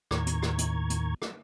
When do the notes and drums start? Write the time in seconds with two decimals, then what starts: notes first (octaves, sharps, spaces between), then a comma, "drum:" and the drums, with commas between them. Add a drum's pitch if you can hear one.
0.11 D#2 A2 D#3 A#5 C#6 G#6, drum: rim click
0.27 drum: hi-hat
0.42 drum: rim click
0.58 drum: hi-hat
0.90 drum: hi-hat
1.22 drum: rim click